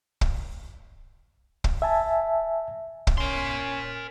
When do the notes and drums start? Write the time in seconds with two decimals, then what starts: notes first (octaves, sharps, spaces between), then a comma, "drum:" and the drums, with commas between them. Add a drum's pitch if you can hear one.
0.21 drum: kick
1.64 drum: kick
1.82 E5 G#5 A5
3.07 drum: kick
3.18 C#4 A#4 C6